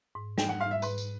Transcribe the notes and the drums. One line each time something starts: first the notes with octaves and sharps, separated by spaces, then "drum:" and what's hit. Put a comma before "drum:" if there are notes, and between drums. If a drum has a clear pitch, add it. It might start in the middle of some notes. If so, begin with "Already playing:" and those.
G#2
G3 G5, drum: snare
F#5
G#2 F5
E5
G#2 B4, drum: tambourine
drum: tambourine